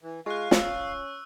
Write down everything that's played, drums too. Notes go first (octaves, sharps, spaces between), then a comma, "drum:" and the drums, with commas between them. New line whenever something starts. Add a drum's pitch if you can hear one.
E3
G#3 F4 F5 C#6 F#6
C#4 E6, drum: snare